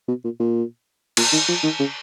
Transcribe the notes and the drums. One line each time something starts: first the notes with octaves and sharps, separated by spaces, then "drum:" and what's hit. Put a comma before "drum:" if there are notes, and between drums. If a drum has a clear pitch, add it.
B2
A#2
A#2
A#2, drum: cymbal
D#3
F3
D#3
C#3